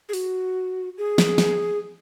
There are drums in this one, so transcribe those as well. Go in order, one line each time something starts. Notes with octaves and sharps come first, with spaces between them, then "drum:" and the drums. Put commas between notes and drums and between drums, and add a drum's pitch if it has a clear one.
G#4
F#4, drum: open hi-hat
G#4
drum: snare
drum: snare